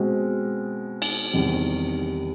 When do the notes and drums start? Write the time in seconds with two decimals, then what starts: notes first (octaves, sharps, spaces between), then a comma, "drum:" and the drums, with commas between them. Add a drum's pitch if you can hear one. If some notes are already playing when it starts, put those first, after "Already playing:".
Already playing: B2 G#3 C4
1.02 drum: cymbal
1.33 E2 C3 D#3 G3